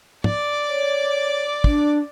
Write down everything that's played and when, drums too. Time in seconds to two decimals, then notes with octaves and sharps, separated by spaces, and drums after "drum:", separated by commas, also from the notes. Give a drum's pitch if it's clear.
0.24 D5 D6, drum: tom
0.68 C#5
1.64 D4, drum: kick